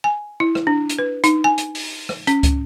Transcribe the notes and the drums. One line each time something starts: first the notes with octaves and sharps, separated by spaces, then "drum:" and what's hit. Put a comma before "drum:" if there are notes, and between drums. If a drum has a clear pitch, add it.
G#5
E4
drum: rim click
D4
drum: hi-hat
B4
D#4, drum: hi-hat
G#5
drum: hi-hat
drum: open hi-hat
drum: rim click
C#4, drum: hi-hat
drum: kick, hi-hat